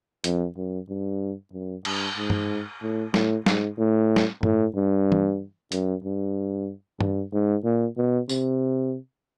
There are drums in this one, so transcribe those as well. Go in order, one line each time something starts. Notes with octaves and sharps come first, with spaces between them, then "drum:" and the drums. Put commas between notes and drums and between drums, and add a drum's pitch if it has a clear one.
F2, drum: hi-hat
F#2
G2
F#2
G2, drum: cymbal
G#2
drum: tom G2
A2
A2, drum: snare
G#2, drum: snare
A2
drum: snare
A2, drum: tom G2
G2
drum: tom E3
F#2, drum: hi-hat
G2
G2, drum: tom
G#2
A#2
B2
C3, drum: tambourine